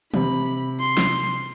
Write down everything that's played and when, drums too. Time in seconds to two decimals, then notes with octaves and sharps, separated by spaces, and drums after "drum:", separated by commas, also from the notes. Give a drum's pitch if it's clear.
0.14 C3 B5, drum: tom D#3
0.80 C6
0.97 drum: snare